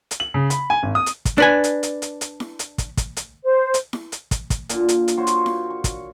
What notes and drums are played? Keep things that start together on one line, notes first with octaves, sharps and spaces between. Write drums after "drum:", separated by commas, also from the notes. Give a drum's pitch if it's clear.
drum: hi-hat
F#7
C#3
B5, drum: hi-hat
G#5
G#1
D#6
drum: hi-hat
drum: kick, hi-hat
D4 B4 G#5
drum: hi-hat
drum: hi-hat
drum: hi-hat
drum: hi-hat
drum: snare E4
drum: hi-hat
drum: kick, hi-hat
drum: kick, hi-hat
drum: hi-hat
C5
drum: hi-hat
drum: snare E4
drum: hi-hat
drum: kick, hi-hat
drum: kick, hi-hat
A#2 D3, drum: hi-hat
drum: hi-hat
drum: hi-hat
F4 F#4 C5 C#5
drum: hi-hat
drum: snare E4
C#6
drum: kick, hi-hat